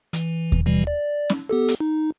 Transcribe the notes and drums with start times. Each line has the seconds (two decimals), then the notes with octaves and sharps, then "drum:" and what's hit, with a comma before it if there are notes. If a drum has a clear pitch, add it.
0.13 E3, drum: hi-hat
0.52 drum: kick D#2
0.66 B2 E3 G3
0.87 D5
1.30 drum: snare C#4
1.49 B3 G4 A4
1.68 drum: hi-hat
1.80 D#4